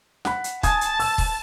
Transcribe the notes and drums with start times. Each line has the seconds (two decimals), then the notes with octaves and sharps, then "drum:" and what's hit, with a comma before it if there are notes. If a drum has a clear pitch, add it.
0.25 F#5 B5, drum: snare
0.44 drum: hi-hat
0.63 G#5 A5 D#6 G#6, drum: kick, hi-hat
0.81 drum: hi-hat
1.00 E6, drum: open hi-hat
1.18 drum: kick, open hi-hat